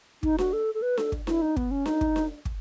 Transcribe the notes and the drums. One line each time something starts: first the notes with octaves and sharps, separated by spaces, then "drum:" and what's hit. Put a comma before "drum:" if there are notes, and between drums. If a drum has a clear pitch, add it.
D#4, drum: kick
F#4, drum: snare D4
A4
A4
B4
A4, drum: snare D4
drum: kick
E4, drum: snare D4
D#4
B3, drum: kick
C#4
D#4, drum: snare D4
drum: kick
drum: snare D4
drum: kick